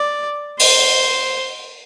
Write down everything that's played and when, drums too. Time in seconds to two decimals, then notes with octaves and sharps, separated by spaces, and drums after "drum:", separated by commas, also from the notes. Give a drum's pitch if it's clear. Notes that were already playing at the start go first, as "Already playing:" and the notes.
Already playing: D5
0.59 C5, drum: open hi-hat